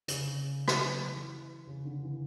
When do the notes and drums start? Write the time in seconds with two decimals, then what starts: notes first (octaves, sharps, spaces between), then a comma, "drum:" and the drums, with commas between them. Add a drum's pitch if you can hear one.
0.08 C#3, drum: hi-hat
0.68 drum: rim click
1.14 E3
1.67 C#3
1.85 D3
2.03 E3